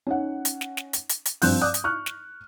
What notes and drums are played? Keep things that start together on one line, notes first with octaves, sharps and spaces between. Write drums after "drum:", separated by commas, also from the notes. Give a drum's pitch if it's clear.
C#4 D#4 F#5
drum: hi-hat
drum: snare
drum: snare
drum: hi-hat
drum: hi-hat
drum: hi-hat
G2 F3 C4 F4 F#6 G6, drum: open hi-hat
D5 D6 D#6 F#6
drum: hi-hat
C#6 F6 F#6
drum: snare